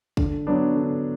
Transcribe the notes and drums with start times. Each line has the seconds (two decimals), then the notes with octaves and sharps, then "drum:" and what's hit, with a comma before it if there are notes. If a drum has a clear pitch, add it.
0.17 D3, drum: kick
0.47 F#3 B3 D4
0.76 D3